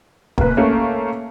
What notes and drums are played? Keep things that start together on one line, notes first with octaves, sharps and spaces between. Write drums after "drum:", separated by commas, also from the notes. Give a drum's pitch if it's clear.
F1 A#3 B4, drum: kick D#1
A3 A#3 C#4